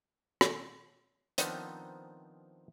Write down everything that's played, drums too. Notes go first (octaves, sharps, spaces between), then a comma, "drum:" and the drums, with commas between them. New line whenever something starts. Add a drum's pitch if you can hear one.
drum: rim click
D#3 F3 B3 C4 D4 D#4, drum: hi-hat